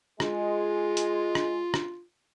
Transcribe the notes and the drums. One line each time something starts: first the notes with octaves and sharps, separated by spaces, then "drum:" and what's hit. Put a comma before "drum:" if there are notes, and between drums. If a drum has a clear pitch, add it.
G#3 F4, drum: rim click
drum: hi-hat
drum: rim click
drum: rim click